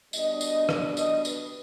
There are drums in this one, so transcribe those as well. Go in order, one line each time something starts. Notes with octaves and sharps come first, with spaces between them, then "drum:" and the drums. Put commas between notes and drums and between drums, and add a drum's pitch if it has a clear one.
B2 G3 D4 D#5, drum: tambourine
drum: tambourine
drum: rim click
D#5, drum: tambourine
B4, drum: tambourine